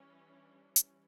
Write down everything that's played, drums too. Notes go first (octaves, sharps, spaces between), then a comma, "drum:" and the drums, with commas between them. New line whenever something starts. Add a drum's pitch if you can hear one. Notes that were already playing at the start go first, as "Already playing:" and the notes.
Already playing: E3 G3 C#4
D4
drum: hi-hat